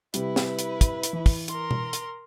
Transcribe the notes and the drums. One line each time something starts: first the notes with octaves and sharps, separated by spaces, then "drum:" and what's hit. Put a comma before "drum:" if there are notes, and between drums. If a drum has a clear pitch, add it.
C3 G3 E4 B4, drum: hi-hat
drum: snare C4
drum: hi-hat
drum: kick, hi-hat
drum: hi-hat
E3
drum: kick, open hi-hat
A#4 A#5 C6, drum: hi-hat
drum: tom B2
drum: hi-hat